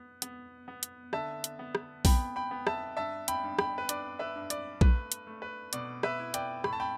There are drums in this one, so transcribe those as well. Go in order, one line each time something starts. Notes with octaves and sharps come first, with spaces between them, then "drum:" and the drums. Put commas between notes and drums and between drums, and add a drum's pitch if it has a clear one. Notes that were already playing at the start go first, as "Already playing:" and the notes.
Already playing: B3
B3, drum: hi-hat
B3
drum: hi-hat
D3 E5 A5, drum: rim click
drum: hi-hat
B3
drum: rim click
B3 G5 B5, drum: kick A#1, open hi-hat
G5 B5
B3
E5 A5, drum: rim click
G2 E5 A5
G5 B5, drum: hi-hat
G2
G5 B5, drum: rim click
B4
D4 D5, drum: hi-hat
B4 E5
G2
D5, drum: hi-hat
A3 B4, drum: kick A#1
drum: hi-hat
A3
B4
B2 D5, drum: hi-hat
B4 E5, drum: rim click
E4
D5 G5, drum: hi-hat
A2 B5, drum: rim click
A5
G5 B5